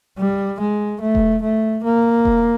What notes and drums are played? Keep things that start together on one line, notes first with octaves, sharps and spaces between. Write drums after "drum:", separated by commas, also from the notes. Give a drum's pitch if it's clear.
G3
G#3
A3
drum: kick E1
A3
A#3
drum: kick E1